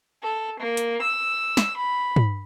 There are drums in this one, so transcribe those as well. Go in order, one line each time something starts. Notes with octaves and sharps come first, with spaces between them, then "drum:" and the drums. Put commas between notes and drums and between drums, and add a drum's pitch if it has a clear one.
A4
A#3
drum: hi-hat
E6
drum: snare
B5
drum: tom